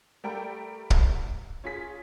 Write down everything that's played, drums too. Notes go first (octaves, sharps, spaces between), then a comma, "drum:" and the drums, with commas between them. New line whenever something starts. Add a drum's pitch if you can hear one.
G3 A3 A#4 D5 G5
drum: kick
C#4 F4 G#4 B6